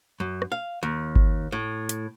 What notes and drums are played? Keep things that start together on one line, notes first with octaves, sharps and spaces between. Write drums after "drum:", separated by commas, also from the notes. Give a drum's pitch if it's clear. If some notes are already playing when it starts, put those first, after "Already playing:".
F#2
drum: rim click
F5
D#2
drum: kick G1
A2
drum: hi-hat